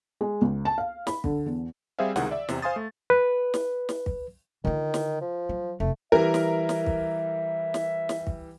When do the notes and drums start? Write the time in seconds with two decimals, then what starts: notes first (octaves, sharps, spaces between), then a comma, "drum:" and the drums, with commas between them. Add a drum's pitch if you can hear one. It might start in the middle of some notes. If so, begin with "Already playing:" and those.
0.21 G#3
0.41 C#2
0.65 A5
0.78 F5
1.07 B5, drum: snare
1.24 D3, drum: kick
1.46 E2
1.99 G3 C4 G#4 C5 E5 F5
2.16 C#2 C3 D#3 G#4 F#5, drum: snare
2.31 D5 E5
2.49 E2 C3, drum: snare
2.62 C5 F5 G#5 C6 D#6 A6
2.76 A3
3.10 B4
3.54 drum: snare
3.89 drum: snare
4.06 drum: kick
4.65 D3 D#3 F4
4.94 drum: snare
5.21 F3
5.49 F#3
5.80 F1 A3
6.12 E3 G3 A#4 E5
6.34 drum: snare
6.69 drum: snare
6.86 drum: kick
7.74 drum: snare
8.09 drum: snare
8.27 drum: kick